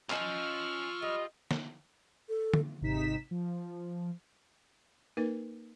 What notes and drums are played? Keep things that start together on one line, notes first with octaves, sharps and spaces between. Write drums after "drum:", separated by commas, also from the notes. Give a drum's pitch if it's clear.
C#4 D#4 F4 D#5 A5 C#6 E6 F6, drum: clap
G3 D#5
drum: snare
A4
drum: tom D3
G#1 C3 D#4 B6 E7
F3
A#3 D#4 A#4 B4